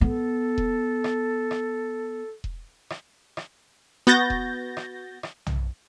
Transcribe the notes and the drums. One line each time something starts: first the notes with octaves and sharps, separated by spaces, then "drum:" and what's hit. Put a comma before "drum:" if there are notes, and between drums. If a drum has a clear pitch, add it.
B3 A4
drum: kick E1
drum: rim click
drum: rim click
drum: kick E1
drum: rim click
drum: rim click
B3 F#4 G6 A6 A#6
drum: kick E1
drum: rim click
drum: rim click
drum: tom B1